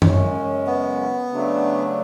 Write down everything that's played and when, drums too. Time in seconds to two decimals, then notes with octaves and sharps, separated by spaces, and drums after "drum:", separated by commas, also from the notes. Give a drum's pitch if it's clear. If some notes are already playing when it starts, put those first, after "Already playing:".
0.02 F#2 C#3 G#3 C#4, drum: tom F#2
0.67 B3
1.31 C#3 F#3 A3 D4